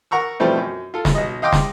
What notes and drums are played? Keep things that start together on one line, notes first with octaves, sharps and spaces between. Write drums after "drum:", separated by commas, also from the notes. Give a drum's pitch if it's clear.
A#4 F#5 A#5 C#6 E6
B2 E3 F3 G3 A3 C4
F#2
F4 A4
drum: snare
B1 D#5
D#5 F5 G5 C6 D6 D#6
drum: snare